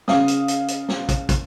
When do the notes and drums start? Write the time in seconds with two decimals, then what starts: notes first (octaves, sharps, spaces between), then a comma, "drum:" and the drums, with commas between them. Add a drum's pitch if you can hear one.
0.08 C#3 F5 D#6, drum: snare
0.28 drum: hi-hat
0.48 drum: hi-hat
0.68 drum: hi-hat
0.89 drum: snare
1.09 drum: kick, hi-hat
1.29 drum: kick, hi-hat